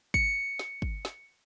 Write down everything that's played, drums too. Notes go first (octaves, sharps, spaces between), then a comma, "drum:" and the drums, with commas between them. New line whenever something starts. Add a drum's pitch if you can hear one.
C#7, drum: kick
drum: snare
drum: kick
drum: snare